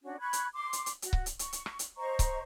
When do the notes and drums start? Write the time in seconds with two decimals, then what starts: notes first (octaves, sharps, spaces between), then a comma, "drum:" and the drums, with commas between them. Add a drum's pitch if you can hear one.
0.03 C#4 D4 F#4
0.20 B5 C#6 F#6 G#6
0.33 drum: hi-hat
0.53 C6 D6
0.73 drum: hi-hat
0.86 drum: hi-hat
1.02 F#4, drum: hi-hat
1.13 drum: kick C#1
1.26 drum: hi-hat
1.39 C#6, drum: hi-hat
1.53 drum: hi-hat
1.66 drum: rim click
1.79 drum: hi-hat
1.97 C5 D#5 A#5 C#6
2.19 drum: kick C#1, hi-hat